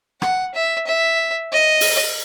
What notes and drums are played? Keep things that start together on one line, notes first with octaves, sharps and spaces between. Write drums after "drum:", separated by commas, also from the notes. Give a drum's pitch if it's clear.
F#5, drum: rim click
E5
E5
D#5
drum: open hi-hat